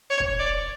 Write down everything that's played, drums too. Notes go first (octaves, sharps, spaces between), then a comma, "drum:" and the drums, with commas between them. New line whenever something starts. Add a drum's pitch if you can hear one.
C#5
drum: kick
D5